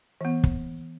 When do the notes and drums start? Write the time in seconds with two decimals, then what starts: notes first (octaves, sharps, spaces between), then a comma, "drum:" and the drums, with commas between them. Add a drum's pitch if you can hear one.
0.21 E3 B3
0.44 drum: kick